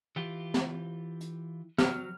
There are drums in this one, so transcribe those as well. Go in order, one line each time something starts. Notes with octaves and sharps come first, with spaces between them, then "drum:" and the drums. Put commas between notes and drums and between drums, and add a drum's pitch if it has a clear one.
E3 F4 G4
drum: snare
drum: hi-hat
F#3 F6, drum: snare